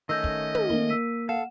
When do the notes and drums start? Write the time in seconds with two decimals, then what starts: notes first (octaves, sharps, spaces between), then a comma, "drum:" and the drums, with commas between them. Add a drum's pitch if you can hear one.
0.09 D#3 A3 C#4 D#5 E6 G6 A#6
0.24 drum: kick
0.55 drum: tom
0.70 A#3 G7
0.89 E6 B6 D#7
1.29 A4 F5 F#5 E7